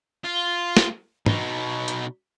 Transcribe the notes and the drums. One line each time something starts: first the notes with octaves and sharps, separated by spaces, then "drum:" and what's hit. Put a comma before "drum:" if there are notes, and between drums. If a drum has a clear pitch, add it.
F4
drum: snare
B2 D#4, drum: tom
drum: hi-hat